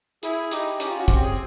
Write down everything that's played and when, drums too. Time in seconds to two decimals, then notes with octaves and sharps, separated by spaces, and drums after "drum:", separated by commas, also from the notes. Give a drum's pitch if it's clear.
0.23 E4 G#4, drum: hi-hat
0.51 D#4 G4, drum: hi-hat
0.80 C#4 G4, drum: hi-hat
0.89 F4
0.99 F#4
1.08 C4 G4, drum: kick, hi-hat
1.22 G#4